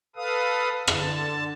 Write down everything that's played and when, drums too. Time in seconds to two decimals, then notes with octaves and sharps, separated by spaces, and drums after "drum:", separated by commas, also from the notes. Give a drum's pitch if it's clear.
0.16 A4 B4 F5 D#6
0.87 D3 A5, drum: rim click